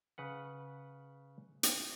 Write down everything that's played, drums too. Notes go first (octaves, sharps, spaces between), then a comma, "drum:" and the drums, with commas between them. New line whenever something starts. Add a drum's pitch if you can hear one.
C#3 B4 F#5
drum: hi-hat